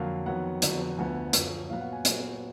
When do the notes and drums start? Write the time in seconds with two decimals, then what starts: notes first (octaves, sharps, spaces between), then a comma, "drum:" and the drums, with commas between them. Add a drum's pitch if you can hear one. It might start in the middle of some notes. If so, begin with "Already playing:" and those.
Already playing: F2 D3 F#3 A#3 F5
0.26 F2 D#3 F#3 B3 F#5
0.62 F2 D3 F#3 B3, drum: hi-hat
0.98 D2 D3 F3 B3 G#5
1.33 F#2 D3 F3, drum: hi-hat
1.69 A#2 F#3 B3 F5
1.81 F#5
1.93 G#5
2.05 A#2 F#3 B3, drum: hi-hat